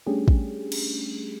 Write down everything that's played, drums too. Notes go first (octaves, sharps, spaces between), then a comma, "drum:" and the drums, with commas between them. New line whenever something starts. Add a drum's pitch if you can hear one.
G3 A3 C#4 D4 G4 G#4
drum: kick
drum: cymbal